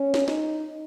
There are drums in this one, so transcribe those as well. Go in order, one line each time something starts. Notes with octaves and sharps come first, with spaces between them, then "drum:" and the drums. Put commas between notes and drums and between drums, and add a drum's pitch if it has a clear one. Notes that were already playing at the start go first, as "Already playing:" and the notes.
Already playing: C#4
drum: snare
D#4, drum: snare